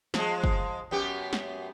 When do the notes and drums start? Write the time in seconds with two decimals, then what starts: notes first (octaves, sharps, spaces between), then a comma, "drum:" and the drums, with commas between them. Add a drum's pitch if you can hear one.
0.14 F3 G#3, drum: snare
0.44 drum: kick
0.91 F#2 B3 G4
1.33 drum: snare